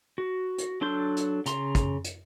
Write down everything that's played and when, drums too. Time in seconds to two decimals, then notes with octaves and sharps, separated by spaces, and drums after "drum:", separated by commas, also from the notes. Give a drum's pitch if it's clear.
0.18 F#4
0.58 drum: hi-hat
0.81 F#3 D4 A4 C6 G6
1.17 drum: hi-hat
1.46 C#3 A#5 C6, drum: hi-hat
1.75 drum: kick, hi-hat
2.04 drum: hi-hat